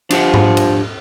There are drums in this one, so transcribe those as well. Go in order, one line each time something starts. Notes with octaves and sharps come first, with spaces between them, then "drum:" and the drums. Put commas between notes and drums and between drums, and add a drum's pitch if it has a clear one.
F3 D4 G4 F#5, drum: cymbal
drum: tom G#2
drum: cymbal